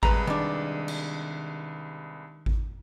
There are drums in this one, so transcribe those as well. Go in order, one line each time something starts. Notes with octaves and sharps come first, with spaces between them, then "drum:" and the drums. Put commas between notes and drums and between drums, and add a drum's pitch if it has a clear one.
C2 G#3 B4 A#5, drum: kick G#1
D#3 D4
drum: cymbal
drum: kick G#1